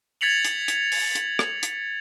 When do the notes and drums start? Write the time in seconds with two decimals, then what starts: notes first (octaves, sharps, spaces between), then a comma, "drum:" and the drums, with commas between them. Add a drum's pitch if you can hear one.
0.21 G#6 A6 B6 C#7 F7 F#7
0.44 drum: hi-hat
0.68 drum: hi-hat
0.92 drum: open hi-hat
1.15 drum: hi-hat
1.39 drum: rim click
1.63 drum: hi-hat